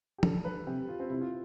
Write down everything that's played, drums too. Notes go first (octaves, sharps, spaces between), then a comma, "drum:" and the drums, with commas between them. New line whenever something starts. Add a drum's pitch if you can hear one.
G4
D3 A4, drum: tom
B4
C3 G4
F4
C4
C3 E4
F4